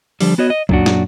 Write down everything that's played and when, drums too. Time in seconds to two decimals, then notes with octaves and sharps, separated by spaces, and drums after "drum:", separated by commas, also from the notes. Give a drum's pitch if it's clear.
0.21 D3 F3 G3, drum: open hi-hat
0.38 B3 F#4 C#5 D#5
0.50 D#5
0.69 F#2 A#2 C#4 D4 F#4, drum: kick C#2
0.86 drum: snare